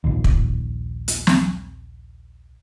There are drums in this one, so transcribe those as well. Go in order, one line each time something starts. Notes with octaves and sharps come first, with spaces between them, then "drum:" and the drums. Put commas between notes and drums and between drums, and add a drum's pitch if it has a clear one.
A#1 D#2
drum: kick
drum: hi-hat
drum: snare